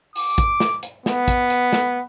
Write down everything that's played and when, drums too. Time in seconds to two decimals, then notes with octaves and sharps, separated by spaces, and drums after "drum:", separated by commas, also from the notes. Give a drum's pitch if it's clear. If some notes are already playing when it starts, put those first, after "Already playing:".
0.16 D6, drum: open hi-hat
0.38 drum: kick, hi-hat
0.60 drum: snare
0.83 drum: hi-hat
1.06 B3, drum: snare
1.28 drum: kick, hi-hat
1.50 drum: hi-hat
1.73 drum: snare